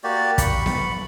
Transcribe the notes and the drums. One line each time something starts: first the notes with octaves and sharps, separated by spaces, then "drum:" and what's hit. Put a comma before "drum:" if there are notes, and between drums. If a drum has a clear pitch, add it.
A#3 F#4 G4 D5
B5 C#6, drum: kick, hi-hat
drum: snare B3